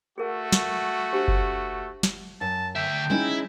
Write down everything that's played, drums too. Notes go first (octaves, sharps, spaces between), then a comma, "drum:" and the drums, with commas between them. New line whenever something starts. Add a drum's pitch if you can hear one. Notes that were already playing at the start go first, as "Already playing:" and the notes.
A3 F#4 G#4 A#4 F#5
drum: snare
D4 G4 C5
drum: kick F#1
drum: snare
F#2 A5
D2 E5 G5
G#3 C#4 D#4 E4